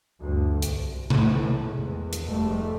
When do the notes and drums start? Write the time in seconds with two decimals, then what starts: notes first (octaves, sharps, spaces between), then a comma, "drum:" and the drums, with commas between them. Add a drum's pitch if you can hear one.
0.20 D2 G2
0.62 C2, drum: hi-hat
1.10 A2 E3 A3, drum: tom C3
1.51 G#1 E2
2.13 drum: hi-hat
2.27 F1 G#2 G3 A3